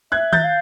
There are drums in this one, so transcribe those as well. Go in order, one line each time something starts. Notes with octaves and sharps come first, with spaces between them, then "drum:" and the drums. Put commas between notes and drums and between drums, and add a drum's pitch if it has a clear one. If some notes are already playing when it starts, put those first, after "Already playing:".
E5 F#6 G#6
G6 A6, drum: tom D#3
F5